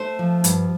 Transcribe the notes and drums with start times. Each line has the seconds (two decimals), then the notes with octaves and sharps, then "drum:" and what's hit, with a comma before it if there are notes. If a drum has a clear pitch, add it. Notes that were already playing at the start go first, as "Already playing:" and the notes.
Already playing: A3 C5
0.19 F3
0.44 G2, drum: hi-hat